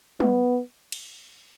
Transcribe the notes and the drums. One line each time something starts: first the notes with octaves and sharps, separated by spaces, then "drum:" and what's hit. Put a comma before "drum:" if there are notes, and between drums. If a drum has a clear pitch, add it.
B3, drum: tom
drum: cymbal